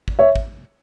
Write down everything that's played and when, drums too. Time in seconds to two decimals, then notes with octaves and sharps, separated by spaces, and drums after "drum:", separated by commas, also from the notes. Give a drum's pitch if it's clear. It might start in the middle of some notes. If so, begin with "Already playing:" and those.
0.08 drum: kick
0.19 C#5 E5
0.36 drum: kick